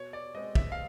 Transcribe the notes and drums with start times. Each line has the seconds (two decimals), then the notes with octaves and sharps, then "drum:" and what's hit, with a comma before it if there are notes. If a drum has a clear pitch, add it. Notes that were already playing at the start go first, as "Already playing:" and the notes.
Already playing: B2 C#5
0.13 D5
0.35 G#3 C4 D#5
0.55 E5, drum: kick
0.72 F5